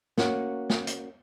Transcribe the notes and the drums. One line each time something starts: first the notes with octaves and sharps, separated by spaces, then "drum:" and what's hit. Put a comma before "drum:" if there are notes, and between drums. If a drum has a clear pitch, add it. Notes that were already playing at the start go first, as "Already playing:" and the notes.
A#3 C#4 F#4, drum: snare
drum: snare
drum: hi-hat